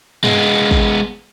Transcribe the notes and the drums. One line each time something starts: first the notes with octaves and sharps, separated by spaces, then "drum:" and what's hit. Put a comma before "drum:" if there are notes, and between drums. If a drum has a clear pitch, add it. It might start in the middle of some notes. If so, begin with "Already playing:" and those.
G#3 B3, drum: tom G2
drum: kick